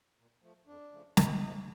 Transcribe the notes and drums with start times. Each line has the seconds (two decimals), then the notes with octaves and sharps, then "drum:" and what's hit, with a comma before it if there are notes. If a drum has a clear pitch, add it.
0.17 A#2
0.42 F3 A3
0.67 F2 D4
0.92 C#3 F3 A3
1.17 F2 D#4, drum: snare
1.42 C#3 F3 A3